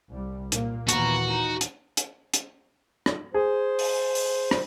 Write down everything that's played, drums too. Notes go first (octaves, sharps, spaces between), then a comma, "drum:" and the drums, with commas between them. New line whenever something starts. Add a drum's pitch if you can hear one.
C2 G3
A#2 A#3, drum: hi-hat
D#2 A#2 E3 B3 F#4 A#5, drum: hi-hat
D#4
drum: hi-hat
drum: hi-hat
drum: hi-hat
drum: rim click
G#4 C5
drum: open hi-hat
drum: open hi-hat
drum: rim click